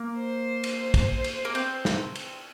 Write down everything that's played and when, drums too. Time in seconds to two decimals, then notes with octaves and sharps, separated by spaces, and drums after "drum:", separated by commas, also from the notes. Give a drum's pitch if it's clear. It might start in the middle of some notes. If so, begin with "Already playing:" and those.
Already playing: A#3
0.18 C5
0.64 drum: cymbal
0.94 drum: kick, cymbal
1.24 drum: cymbal
1.45 A#3
1.55 C4, drum: cymbal
1.85 drum: snare
2.15 drum: cymbal